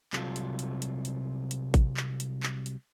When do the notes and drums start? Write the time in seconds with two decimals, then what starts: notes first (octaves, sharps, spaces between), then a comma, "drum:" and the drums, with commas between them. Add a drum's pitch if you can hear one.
0.13 C2 C3 F#3 F4 A4, drum: clap
0.36 drum: hi-hat
0.59 drum: hi-hat
0.82 drum: hi-hat
1.05 drum: hi-hat
1.51 drum: hi-hat
1.74 drum: kick A1, hi-hat
1.97 drum: clap
2.20 drum: hi-hat
2.43 drum: clap
2.66 drum: hi-hat